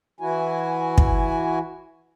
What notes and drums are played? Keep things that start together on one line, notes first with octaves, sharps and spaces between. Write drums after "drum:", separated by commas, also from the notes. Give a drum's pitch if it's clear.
E3 E4 F#4 G#5
drum: kick